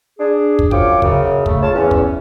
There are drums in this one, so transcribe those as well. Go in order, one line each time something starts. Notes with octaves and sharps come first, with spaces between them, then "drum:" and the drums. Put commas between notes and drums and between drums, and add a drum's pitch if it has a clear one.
D4 G#4
drum: kick
F#2 F3 F4 C#5 G5 D6, drum: kick
F#2 C#3, drum: kick
A3, drum: kick
C#3 F4 C#5 A5
E2 C#4
drum: kick